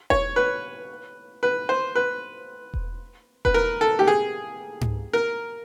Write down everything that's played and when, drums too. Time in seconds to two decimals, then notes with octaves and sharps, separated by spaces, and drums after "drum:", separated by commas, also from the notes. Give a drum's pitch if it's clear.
0.10 C#5, drum: kick E1
0.36 B4
1.43 B4
1.69 C5
1.96 B4
2.74 drum: kick E1
3.45 B4, drum: kick E1
3.54 A#4
3.81 A4
3.99 G4
4.07 G#4
4.81 drum: tom G#2
5.13 A#4